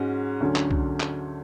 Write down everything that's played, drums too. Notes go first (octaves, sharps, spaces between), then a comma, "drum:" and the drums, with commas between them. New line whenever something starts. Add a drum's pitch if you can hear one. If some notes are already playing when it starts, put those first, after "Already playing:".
Already playing: G#2 G#3 C#4 F#4
D2 D3 F#3 C#4
drum: clap
drum: kick
drum: clap